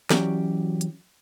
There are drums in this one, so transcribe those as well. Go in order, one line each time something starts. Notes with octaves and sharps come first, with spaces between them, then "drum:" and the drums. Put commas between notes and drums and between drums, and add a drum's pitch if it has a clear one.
E3 F#3 C#4 F#4 G4 D5, drum: snare
drum: hi-hat